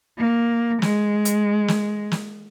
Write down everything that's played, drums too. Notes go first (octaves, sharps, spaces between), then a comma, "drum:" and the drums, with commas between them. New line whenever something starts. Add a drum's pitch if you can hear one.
A#3
G#3, drum: snare
drum: hi-hat
drum: snare
drum: snare